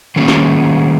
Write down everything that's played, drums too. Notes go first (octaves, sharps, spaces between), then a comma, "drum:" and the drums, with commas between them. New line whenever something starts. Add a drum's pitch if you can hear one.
D#3 F#3 A#3 C#4 G#4
drum: snare